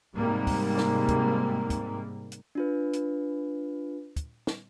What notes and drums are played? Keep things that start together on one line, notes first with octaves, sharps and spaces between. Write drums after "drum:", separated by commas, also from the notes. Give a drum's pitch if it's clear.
G#2 C3 G3 A#3
drum: kick, open hi-hat
drum: snare
drum: kick, hi-hat
drum: kick, hi-hat
drum: hi-hat
D4 F4 B4
drum: hi-hat
drum: kick, hi-hat
drum: snare